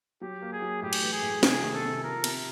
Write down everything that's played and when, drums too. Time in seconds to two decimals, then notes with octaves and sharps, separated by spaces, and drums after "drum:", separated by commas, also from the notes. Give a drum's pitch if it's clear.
0.21 F#3 G4
0.42 A#3
0.52 G#4
0.62 F#3
0.82 A2 G4
0.93 drum: cymbal
1.03 E3
1.13 G#4
1.23 A2
1.43 C3 G#4, drum: snare
1.63 D#3
1.73 A4
1.84 C3
2.04 F3 A#4
2.24 C3, drum: cymbal